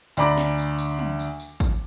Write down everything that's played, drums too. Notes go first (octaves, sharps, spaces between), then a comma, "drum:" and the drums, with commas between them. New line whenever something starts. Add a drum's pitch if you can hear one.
D2 D4 D5 A#5 B5 D6, drum: tambourine
drum: snare
drum: tambourine
drum: tambourine
drum: tom
drum: tambourine
drum: tambourine
drum: kick, tambourine